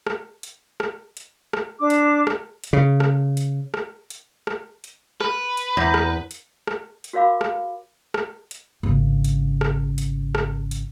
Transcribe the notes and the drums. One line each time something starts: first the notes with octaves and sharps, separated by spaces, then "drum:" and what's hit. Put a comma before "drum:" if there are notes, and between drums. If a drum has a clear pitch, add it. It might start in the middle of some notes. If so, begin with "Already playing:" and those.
drum: rim click
drum: hi-hat
drum: rim click
drum: hi-hat
drum: rim click
D4 D6
drum: hi-hat
drum: rim click
drum: hi-hat
C#3
drum: rim click
drum: hi-hat
drum: rim click
drum: hi-hat
drum: rim click
drum: hi-hat
B4, drum: rim click
drum: hi-hat
E2 A#5 G6 A#6
drum: rim click
drum: hi-hat
drum: rim click
drum: hi-hat
F#4 A#4 C#5 F5 B5 D6
drum: rim click
drum: rim click
drum: hi-hat
G#1 C#3
drum: hi-hat
drum: rim click
drum: hi-hat
drum: rim click
drum: hi-hat